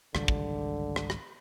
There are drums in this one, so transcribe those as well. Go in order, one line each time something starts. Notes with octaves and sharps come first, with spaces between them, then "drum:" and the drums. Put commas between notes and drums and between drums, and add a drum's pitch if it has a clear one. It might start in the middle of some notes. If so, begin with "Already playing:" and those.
G#1 C#2 D3 G3, drum: rim click
drum: kick
drum: rim click
drum: rim click